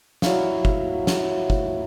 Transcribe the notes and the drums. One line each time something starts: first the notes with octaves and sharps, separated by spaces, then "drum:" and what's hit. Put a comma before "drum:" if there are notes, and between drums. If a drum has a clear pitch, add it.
F#3 E4 F5, drum: snare
drum: kick
drum: snare
drum: kick